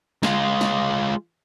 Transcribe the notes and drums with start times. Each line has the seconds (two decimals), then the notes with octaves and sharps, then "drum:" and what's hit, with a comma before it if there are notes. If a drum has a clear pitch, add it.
0.23 G#3 F4, drum: snare
0.61 drum: snare